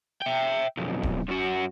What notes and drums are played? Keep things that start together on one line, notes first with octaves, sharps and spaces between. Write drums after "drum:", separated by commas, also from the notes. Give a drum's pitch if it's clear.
E5 G5
B1 F2
drum: kick D1
F#2 F#4